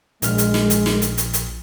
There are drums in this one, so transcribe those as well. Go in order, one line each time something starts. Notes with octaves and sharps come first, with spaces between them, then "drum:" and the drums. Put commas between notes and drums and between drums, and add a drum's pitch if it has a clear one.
A#1 G#3 F6, drum: hi-hat
drum: hi-hat
drum: snare
drum: hi-hat
drum: snare
drum: hi-hat
drum: hi-hat
drum: hi-hat